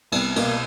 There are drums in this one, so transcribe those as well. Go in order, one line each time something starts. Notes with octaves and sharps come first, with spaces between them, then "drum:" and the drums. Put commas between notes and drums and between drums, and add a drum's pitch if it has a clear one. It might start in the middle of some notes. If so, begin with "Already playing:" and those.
C2 B3, drum: cymbal
B2 A#3, drum: cymbal